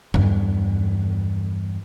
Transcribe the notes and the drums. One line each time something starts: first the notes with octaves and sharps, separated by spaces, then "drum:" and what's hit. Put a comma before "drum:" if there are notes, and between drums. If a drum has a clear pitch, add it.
E2 G2, drum: tom E2